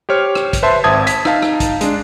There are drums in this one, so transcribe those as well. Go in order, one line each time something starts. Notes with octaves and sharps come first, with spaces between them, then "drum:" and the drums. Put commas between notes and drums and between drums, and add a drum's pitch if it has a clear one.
G4 C5 C#5 F6
drum: rim click
drum: kick, hi-hat
B4 C5 E5 A5 C6
G#1 C4 E5 A5 D#6 G#6
B6, drum: hi-hat
D#4 F5 A5, drum: rim click
drum: rim click
drum: kick, hi-hat
G#3 D4, drum: hi-hat